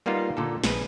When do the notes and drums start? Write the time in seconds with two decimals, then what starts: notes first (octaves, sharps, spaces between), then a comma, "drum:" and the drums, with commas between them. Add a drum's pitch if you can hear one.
0.06 G3 A#3 B3 D#4 F4
0.37 A#2 D3 A4
0.64 A#1 G#4 B4, drum: snare